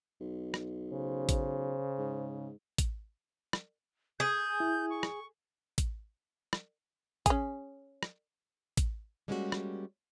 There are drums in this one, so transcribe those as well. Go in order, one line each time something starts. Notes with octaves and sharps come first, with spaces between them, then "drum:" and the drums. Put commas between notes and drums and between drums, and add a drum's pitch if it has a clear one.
B1
drum: rim click
C#3 C5
drum: kick A1, hi-hat
G#2
drum: kick A1, hi-hat
drum: rim click
G#4 G6
E4
C#6
drum: rim click
drum: kick A1, hi-hat
drum: rim click
C#4 G#4, drum: kick A1, hi-hat
drum: rim click
drum: kick A1, hi-hat
G3 G#3 A#3 C#4 F4 F#4
drum: rim click